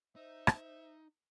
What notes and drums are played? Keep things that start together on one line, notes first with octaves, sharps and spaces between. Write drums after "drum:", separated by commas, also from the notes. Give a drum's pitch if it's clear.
D#4 C5 E5
drum: rim click